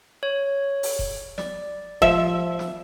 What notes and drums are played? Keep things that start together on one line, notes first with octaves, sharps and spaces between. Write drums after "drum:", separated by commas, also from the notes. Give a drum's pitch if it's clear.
C#5
drum: open hi-hat
drum: kick F1
D5, drum: snare
F3 E5, drum: kick F1
drum: snare